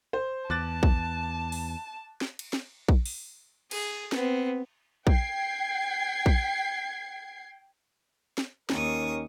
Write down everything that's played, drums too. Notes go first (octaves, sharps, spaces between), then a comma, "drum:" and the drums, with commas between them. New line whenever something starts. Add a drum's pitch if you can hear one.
C5
E2 A5 D6 F#6 A6
drum: kick A#1
drum: open hi-hat
drum: snare
drum: cymbal
drum: snare
drum: kick A#1
drum: open hi-hat
G#4, drum: cymbal
B3 C4, drum: snare
G5 G#6 C7, drum: kick A#1
drum: kick A#1
drum: snare
D#2 C#4 D#4 A#4 C#6 D#6, drum: snare